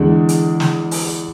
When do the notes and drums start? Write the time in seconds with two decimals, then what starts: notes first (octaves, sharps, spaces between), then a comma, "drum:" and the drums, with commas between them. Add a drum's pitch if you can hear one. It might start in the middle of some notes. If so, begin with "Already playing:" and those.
Already playing: E2 D3 G#3 D4
0.29 drum: hi-hat
0.60 drum: snare
0.91 drum: open hi-hat